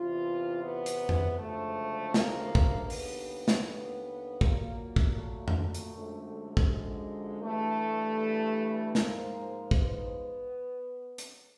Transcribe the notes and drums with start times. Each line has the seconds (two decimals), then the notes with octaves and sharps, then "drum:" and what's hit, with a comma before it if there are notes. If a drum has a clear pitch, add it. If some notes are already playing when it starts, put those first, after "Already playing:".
Already playing: E2 C3 E3 F4
0.63 B3
0.86 drum: hi-hat
1.09 drum: tom F2
1.39 D2 C#3 F3 G#3 A3
2.14 A#3, drum: snare
2.55 drum: kick
2.90 D#2 D3 G3 B3, drum: open hi-hat
3.48 drum: snare
3.66 B3
4.41 A#2 F#3 A#3, drum: kick
4.96 drum: kick
5.16 A3
5.48 drum: tom F2
5.75 drum: hi-hat
5.93 F#2 D3 F3 G#3
6.57 drum: kick
6.68 G#3
7.44 G2 E3 G3 A3
8.95 G#2 F3 G#3 A#3, drum: snare
9.71 B3, drum: kick
11.18 drum: hi-hat